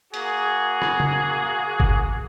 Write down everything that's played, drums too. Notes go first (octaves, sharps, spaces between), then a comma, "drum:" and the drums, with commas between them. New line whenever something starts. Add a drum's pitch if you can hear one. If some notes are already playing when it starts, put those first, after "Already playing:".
A#3 F#4 G#4, drum: hi-hat
drum: rim click
drum: tom C#3
drum: kick